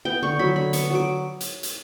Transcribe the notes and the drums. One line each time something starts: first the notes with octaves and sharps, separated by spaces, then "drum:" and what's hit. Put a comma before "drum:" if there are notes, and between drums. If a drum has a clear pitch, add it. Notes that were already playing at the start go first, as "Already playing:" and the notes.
B3 G5
D3 C#6
F#3 B5
D3 B5
B3 C#6, drum: hi-hat
F#3 D6
drum: hi-hat
drum: hi-hat